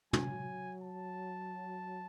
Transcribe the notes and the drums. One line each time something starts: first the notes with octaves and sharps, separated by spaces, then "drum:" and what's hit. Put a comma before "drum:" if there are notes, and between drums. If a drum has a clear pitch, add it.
F#3 G#5, drum: tom
A5